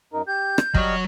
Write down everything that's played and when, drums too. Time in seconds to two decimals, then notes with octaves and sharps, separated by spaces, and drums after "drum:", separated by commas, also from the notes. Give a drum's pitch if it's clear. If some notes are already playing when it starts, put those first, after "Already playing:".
0.13 F#2 D#4 A#4
0.27 G4 G6
0.58 drum: rim click
0.75 F#3 G3 C#5 D#5 F6, drum: kick